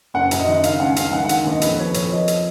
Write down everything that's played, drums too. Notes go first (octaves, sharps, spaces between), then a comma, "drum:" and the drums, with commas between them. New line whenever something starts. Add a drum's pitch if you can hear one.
F#1 F#5
F#2, drum: hi-hat
D#5
D#3
C#3 F5, drum: hi-hat
C#2 F#5
C#2 F5, drum: hi-hat
D#3 F#5
F#5
D#3, drum: hi-hat
D#2 D#5
F2 B4, drum: hi-hat
F3 C#5
F2 C#5, drum: hi-hat
F3 D#5
drum: hi-hat